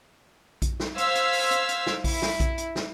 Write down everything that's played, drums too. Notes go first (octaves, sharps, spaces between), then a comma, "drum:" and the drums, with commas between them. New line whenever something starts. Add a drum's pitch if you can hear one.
drum: kick A#1, hi-hat
drum: snare
C5 F5 E6 G#6 B6, drum: hi-hat
drum: hi-hat
drum: open hi-hat
drum: hi-hat
drum: hi-hat
drum: snare
E4, drum: kick A#1, open hi-hat
drum: snare
drum: kick A#1, hi-hat
drum: hi-hat
drum: snare